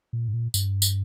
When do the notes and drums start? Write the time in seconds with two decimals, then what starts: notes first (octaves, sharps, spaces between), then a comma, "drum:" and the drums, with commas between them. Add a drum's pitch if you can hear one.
0.13 A#2
0.28 G#2
0.33 A#2
0.54 G2, drum: tambourine
0.82 drum: tambourine